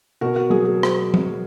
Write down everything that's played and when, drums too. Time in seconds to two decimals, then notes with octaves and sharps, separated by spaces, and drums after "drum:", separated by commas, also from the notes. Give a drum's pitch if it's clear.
0.21 B2 F#4 A#4
0.36 F#4
0.50 F#3 G#4
0.65 G#4
0.83 drum: rim click
1.14 drum: tom F3